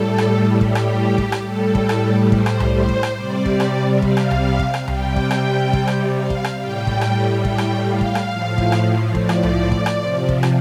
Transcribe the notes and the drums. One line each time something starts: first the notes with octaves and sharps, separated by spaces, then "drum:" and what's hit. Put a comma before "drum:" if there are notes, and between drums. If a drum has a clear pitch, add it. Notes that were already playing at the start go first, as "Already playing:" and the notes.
Already playing: A2 G3 A4
drum: rim click
G4, drum: kick
drum: rim click
drum: kick
drum: rim click
A2 G3 A4
drum: kick
drum: rim click
C5, drum: kick
drum: rim click
drum: tom C2
C5
drum: kick
drum: rim click
C3 G3 D5
drum: kick
drum: rim click
F5, drum: kick
drum: rim click
drum: tom C2
drum: kick
drum: rim click
C3 G3 G5, drum: tom C2
drum: kick
drum: rim click
drum: kick
drum: rim click
F5
drum: kick
drum: rim click
A2 G3 G5
drum: kick
drum: rim click
G5, drum: kick
drum: rim click
F5
drum: kick
drum: rim click
A2 F3
drum: kick
drum: rim click
D5, drum: kick
drum: rim click
drum: tom C2
drum: kick
drum: rim click
C3 F3
drum: kick
drum: rim click